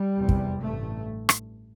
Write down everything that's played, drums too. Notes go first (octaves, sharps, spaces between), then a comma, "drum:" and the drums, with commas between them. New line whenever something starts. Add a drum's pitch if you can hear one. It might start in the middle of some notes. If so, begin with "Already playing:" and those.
Already playing: G3
F1 E2 C3
drum: kick
A1 G2 A3
drum: rim click